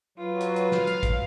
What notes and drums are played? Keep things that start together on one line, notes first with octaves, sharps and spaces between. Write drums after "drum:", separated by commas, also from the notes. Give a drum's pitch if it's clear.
F#3 F4 B4
drum: hi-hat
drum: hi-hat
F5, drum: snare
drum: hi-hat
drum: kick, hi-hat